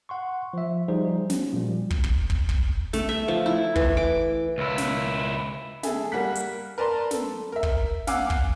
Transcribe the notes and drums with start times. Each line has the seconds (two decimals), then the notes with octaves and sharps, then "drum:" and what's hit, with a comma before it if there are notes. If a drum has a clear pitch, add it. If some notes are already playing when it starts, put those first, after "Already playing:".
0.09 F#5 C6 C#6
0.53 F3 E5
0.88 F3 G3 D#4 G#4 C5
1.30 F#3 C#4, drum: snare
1.53 A#2 F3 G3
1.90 drum: kick
2.04 drum: kick
2.30 drum: kick
2.49 drum: kick
2.93 A3, drum: snare
3.09 E5
3.28 F3
3.46 E4
3.76 E3, drum: kick
3.97 D6
4.58 C#2 E4
4.78 drum: snare
5.83 G#4 A4 E5, drum: snare
6.12 G3 A#3 F#5 F#6 B6
6.35 drum: hi-hat
6.78 A#4 B4 D5 A5 A#5 C6
7.11 A4, drum: snare
7.52 A#4 E5
7.63 drum: kick
8.07 F5 F#5 G#5 D6 E6, drum: snare
8.30 drum: kick